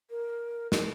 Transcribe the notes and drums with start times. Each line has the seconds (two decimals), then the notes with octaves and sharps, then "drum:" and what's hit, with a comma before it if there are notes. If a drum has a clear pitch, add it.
0.10 A#4
0.72 A#4, drum: snare